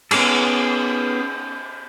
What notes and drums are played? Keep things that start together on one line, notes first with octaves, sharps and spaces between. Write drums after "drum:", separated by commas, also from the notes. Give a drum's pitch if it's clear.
B3 C#4 D#4 G#4 A4, drum: cymbal